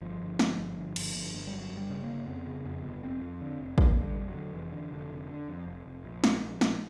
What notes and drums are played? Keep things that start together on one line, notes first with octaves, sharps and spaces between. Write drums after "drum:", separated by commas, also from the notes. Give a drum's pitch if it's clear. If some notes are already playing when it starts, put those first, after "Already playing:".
G1 F3
G1
G1, drum: snare
G1
G1
G1, drum: cymbal
G1
G1
G3
G1 F#3
G1
G3
C#3
A#3
G1
F2 B3
C#3
F2 B3
G1
F1 C4
F2
D3
F1
F1 A#3, drum: kick
D3
G3
F1
F#3
D3
F1 E3
D3
F1 D3
F1
D3
F2
F1
F1
A#1
G#2, drum: snare
A#1
A#1, drum: snare